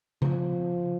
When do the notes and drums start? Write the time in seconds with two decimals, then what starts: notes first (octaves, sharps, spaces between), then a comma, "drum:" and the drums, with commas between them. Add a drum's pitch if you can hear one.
0.22 F3, drum: tom C#3